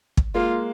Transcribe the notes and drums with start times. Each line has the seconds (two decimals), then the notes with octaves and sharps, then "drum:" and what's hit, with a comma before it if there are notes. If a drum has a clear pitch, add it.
0.17 drum: kick
0.35 G#3 A#3 F4